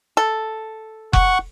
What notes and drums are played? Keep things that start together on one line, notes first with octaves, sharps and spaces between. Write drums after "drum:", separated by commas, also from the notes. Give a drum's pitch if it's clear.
A4
F#5 C#6, drum: kick F1